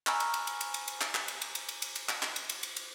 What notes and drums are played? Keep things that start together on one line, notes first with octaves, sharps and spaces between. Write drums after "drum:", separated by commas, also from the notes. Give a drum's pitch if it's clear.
G#5 A#5 B5 C#6 E6 F6, drum: clap
drum: cymbal
drum: cymbal
drum: cymbal
drum: cymbal
drum: cymbal
drum: cymbal
drum: clap
drum: clap
drum: cymbal
drum: cymbal
drum: cymbal
drum: cymbal
drum: cymbal
drum: cymbal
drum: clap
drum: clap
drum: cymbal
drum: cymbal
drum: cymbal
drum: cymbal